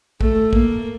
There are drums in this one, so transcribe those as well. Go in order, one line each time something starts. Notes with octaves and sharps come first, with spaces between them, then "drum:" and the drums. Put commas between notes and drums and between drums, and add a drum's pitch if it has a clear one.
A3, drum: kick
A#3, drum: kick